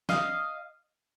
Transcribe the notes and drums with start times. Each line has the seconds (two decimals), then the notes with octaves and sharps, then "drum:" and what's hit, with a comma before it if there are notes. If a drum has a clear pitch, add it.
0.09 D#5 F5, drum: snare